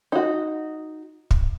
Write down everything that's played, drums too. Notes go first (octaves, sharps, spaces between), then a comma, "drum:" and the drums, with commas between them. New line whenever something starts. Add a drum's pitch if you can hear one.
D#4 F#4
drum: kick